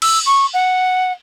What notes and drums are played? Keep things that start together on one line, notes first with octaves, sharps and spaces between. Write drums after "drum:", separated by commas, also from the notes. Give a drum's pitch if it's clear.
E6, drum: cymbal
C#6
F#5